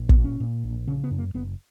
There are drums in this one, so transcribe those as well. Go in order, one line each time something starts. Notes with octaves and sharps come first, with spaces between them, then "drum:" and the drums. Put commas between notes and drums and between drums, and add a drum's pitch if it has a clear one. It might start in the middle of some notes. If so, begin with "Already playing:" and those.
Already playing: A#1
B3, drum: kick
A#2
C#4
A#2
A#1
C#3 C#4
B3
F#2
A#3
F#1 B3